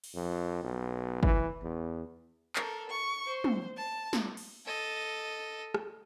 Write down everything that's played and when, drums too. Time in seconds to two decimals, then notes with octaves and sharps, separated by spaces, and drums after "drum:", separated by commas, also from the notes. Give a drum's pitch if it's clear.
0.04 drum: cymbal
0.15 F2
0.63 B1
1.23 E3, drum: kick G1
1.63 E2
2.56 A4 A#4, drum: clap
2.89 C#6
3.26 C5
3.44 drum: tom
3.77 A5
4.13 drum: snare
4.37 drum: cymbal
4.66 A4 D#5
5.74 drum: rim click